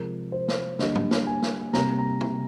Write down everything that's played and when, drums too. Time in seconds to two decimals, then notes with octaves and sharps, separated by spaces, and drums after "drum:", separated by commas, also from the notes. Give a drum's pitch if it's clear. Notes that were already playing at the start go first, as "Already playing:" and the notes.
Already playing: C3 F3 G#3 A#4
0.32 C5
0.48 drum: snare
0.79 D3 G3 A#3 D#5, drum: snare
0.95 drum: tom
1.11 drum: snare
1.27 G#5
1.42 drum: snare
1.73 C3 G3 A#3 A#5, drum: snare
1.99 A#5
2.21 drum: tom C3